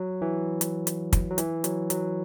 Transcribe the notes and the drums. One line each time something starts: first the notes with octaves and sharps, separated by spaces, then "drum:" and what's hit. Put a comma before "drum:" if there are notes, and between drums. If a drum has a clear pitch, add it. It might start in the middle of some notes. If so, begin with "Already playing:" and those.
Already playing: F#3
E3
drum: hi-hat
drum: hi-hat
drum: kick, hi-hat
F#3
E3, drum: hi-hat
F#3, drum: hi-hat
F#3, drum: hi-hat